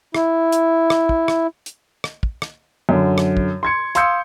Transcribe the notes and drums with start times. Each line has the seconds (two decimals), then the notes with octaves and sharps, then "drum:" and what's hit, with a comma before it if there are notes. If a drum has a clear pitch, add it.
0.15 E4, drum: rim click
0.52 drum: hi-hat
0.90 drum: rim click
1.09 drum: kick
1.28 drum: rim click
1.66 drum: hi-hat
2.04 drum: rim click
2.23 drum: kick
2.42 drum: rim click
2.89 F#2 D3
3.18 drum: rim click
3.37 drum: kick
3.63 C6 G#6 C#7
3.95 F5 C6 D#6 E6 G6 C#7, drum: hi-hat